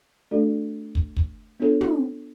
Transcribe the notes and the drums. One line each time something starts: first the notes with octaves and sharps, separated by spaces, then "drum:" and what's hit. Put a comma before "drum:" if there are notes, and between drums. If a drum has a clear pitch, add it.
A3 D4 F#4 A4 D5
drum: kick
drum: kick
B3 D4 F4 A4 C#5
drum: tom